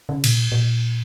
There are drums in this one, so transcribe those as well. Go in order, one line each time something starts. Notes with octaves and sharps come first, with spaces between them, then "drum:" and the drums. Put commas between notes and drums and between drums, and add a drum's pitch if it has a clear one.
C#3
A#2, drum: cymbal
A#2